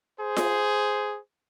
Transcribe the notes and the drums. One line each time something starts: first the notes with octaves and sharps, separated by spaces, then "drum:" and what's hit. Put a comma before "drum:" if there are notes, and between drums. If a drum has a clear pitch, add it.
G#4 C5
drum: snare F4